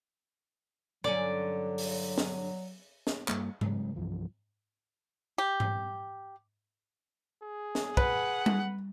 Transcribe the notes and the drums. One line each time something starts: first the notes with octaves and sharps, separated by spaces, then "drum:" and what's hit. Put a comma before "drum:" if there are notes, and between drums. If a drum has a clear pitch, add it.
G2 D3 F#3 C#4 D5
drum: open hi-hat
drum: snare
drum: snare
G2 G3 A#3, drum: clap
C#3 F#3 G#3, drum: tom G#2
C2 G2 E3 F3
G4
drum: tom G#2
G#4
drum: snare
B4 F#5, drum: kick
drum: tom G3